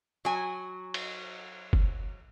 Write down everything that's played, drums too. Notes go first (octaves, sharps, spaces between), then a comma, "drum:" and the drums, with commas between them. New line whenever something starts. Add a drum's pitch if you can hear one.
F#3 G#5
drum: cymbal
drum: kick